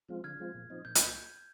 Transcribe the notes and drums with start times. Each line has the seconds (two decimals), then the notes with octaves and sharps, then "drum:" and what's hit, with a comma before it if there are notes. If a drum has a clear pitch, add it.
0.09 F3 G#3 C4 F4
0.24 D3 F6 G#6
0.39 F3 G#3 C4 F4
0.54 A#2
0.70 F3 C4 D#4
0.85 A#2 G6
0.95 drum: hi-hat